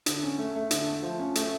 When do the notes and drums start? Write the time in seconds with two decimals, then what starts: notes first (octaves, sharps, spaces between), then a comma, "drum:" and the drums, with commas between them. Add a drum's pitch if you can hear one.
0.06 D3, drum: hi-hat
0.23 C#4
0.38 A3
0.55 A3
0.71 D3, drum: hi-hat
0.87 A3
1.03 F3
1.19 C#4
1.35 A3, drum: hi-hat